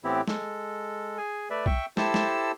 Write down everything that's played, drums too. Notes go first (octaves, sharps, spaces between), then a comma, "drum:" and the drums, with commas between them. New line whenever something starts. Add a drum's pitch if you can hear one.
A2 E3 B3 C4 E4 G4
G#3 A4, drum: snare
G#4 G#5
A3 B4 D5 E5
E5 G5 C#6, drum: kick B1
E4 G4 A4 C5 A5 E6, drum: snare
drum: snare